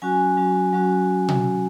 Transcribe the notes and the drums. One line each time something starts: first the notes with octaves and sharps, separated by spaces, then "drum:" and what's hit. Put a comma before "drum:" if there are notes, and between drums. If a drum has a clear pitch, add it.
F#3 C#4 F#4 G#5
F#3 C#4 F#4
F#3 C#4 F#4
drum: tom B2